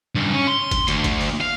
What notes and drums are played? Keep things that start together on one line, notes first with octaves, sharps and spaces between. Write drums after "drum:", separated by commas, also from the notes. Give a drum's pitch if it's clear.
G2 C#3
C#4
C6
drum: kick, hi-hat
D2, drum: hi-hat
drum: kick, hi-hat
drum: open hi-hat
F5